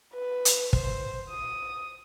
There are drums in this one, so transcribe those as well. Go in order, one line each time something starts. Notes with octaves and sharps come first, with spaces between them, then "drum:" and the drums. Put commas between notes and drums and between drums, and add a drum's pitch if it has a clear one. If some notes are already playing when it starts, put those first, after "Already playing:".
B4
drum: hi-hat
C5, drum: kick
D#6